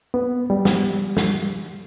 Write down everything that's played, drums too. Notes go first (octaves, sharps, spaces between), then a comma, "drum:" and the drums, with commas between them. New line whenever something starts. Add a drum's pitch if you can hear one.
B3
G3
drum: snare
drum: snare